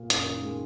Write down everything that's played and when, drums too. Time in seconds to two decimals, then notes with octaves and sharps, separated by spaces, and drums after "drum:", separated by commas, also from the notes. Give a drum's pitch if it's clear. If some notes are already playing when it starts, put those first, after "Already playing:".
Already playing: A#2
0.10 F#2 D#6, drum: hi-hat
0.26 D#3
0.43 G#3